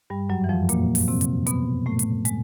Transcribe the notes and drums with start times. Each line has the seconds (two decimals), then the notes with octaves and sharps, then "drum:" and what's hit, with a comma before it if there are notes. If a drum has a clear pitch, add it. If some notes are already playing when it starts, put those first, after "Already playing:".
0.10 G2 G3
0.29 F#2 F#3
0.44 E3
0.49 F2 F3
0.69 A#2 A#3, drum: hi-hat
0.95 drum: open hi-hat
1.08 C3 C4
1.21 drum: hi-hat
1.47 B2 B3, drum: hi-hat
1.86 A2 A3
1.99 drum: hi-hat
2.25 G#3, drum: hi-hat